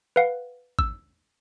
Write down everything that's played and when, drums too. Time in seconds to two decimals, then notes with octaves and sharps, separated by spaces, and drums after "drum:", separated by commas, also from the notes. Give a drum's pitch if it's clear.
0.16 B4 F5 F#5
0.79 E6, drum: kick